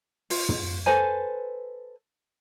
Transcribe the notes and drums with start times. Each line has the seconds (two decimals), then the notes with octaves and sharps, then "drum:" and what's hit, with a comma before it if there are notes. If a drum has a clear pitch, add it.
0.30 F4, drum: open hi-hat
0.49 drum: tom
0.86 A4 B4 C5 G#5